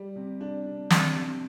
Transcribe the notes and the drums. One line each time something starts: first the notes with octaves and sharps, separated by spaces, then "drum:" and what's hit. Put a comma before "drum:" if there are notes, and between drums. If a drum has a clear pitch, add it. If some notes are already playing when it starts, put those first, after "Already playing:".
Already playing: G3
C3
D4
C3
C3, drum: snare
C3